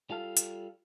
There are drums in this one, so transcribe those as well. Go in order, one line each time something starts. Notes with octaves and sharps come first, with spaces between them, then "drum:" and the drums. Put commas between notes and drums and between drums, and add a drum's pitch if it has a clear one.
G3 F4 A4 F5
drum: hi-hat